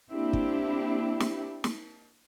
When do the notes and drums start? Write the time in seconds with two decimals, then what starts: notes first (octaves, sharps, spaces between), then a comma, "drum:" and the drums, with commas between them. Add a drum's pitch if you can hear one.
0.12 A#3 C4 D4 E4 G4
0.33 drum: kick
1.20 drum: snare
1.64 drum: snare